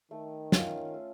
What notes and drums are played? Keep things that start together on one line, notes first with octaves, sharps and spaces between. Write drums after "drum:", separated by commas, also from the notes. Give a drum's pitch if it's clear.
D#3 A3
C#4 F4, drum: snare
A3